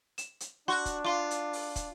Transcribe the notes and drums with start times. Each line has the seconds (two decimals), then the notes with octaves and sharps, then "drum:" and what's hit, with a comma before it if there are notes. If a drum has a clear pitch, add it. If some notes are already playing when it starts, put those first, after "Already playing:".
0.18 E7, drum: hi-hat
0.40 drum: hi-hat
0.68 D4 F#4 C6 C#6 F#6
0.86 drum: kick, hi-hat
1.05 F4 F5 C6 D6
1.31 drum: hi-hat
1.53 drum: open hi-hat
1.76 drum: kick, hi-hat